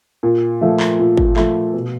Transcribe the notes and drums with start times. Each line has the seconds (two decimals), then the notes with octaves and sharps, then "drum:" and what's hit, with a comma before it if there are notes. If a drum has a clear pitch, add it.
0.23 A#2
0.61 F3 A3
0.80 drum: clap
0.99 A#2
1.17 drum: kick G#1
1.36 F3 A3, drum: clap
1.74 B2